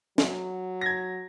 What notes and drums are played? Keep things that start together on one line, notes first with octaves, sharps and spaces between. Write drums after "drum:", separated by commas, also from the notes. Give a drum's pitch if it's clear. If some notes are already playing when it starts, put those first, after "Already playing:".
F#3, drum: snare
G#6 A#6